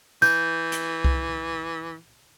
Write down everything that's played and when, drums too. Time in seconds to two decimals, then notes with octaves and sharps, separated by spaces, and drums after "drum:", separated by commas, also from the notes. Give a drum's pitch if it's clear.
0.22 E3 G6, drum: tambourine
0.72 drum: hi-hat
1.04 drum: kick C2